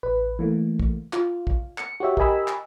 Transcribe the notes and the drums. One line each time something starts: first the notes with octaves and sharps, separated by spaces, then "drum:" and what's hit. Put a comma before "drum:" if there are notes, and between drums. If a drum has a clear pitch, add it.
A1 B4
E3 A3 A#3
drum: kick
F4, drum: clap
drum: kick
C#7, drum: clap
F#4 G4 C#5 E5
G4 A#4 D#5 G#5 B5 E6, drum: kick
drum: clap